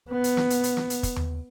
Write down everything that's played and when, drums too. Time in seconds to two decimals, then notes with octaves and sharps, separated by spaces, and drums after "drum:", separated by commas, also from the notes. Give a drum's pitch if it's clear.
0.11 B3
0.24 drum: hi-hat
0.37 drum: snare
0.50 drum: hi-hat
0.63 drum: hi-hat
0.77 drum: snare
0.90 drum: hi-hat
1.03 drum: kick, hi-hat
1.16 drum: tom D#2